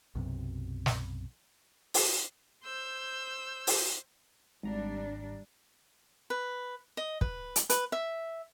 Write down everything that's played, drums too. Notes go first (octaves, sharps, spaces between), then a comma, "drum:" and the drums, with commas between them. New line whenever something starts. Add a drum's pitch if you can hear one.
B1 F#2 C3
drum: snare
drum: open hi-hat
C5 E6 G6
drum: open hi-hat
G#1 G3 D4 A#5
B4
D#5
B4, drum: kick
drum: hi-hat
B4, drum: hi-hat
E5